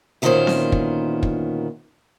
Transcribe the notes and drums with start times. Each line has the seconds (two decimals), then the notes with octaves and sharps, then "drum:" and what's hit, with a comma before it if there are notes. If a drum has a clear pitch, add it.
0.22 D2 A#2 D#3 B3 C#4 C5
0.47 drum: snare C4
0.72 drum: kick
1.23 drum: kick